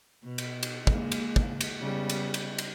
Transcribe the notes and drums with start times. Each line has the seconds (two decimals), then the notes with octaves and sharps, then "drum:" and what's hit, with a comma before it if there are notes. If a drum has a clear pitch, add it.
0.24 B2
0.38 drum: cymbal
0.63 drum: cymbal
0.87 G#3 A#3, drum: kick
1.12 drum: cymbal
1.36 drum: kick
1.61 drum: cymbal
1.80 C#3 G3 B3
2.10 drum: cymbal
2.34 drum: cymbal
2.58 drum: cymbal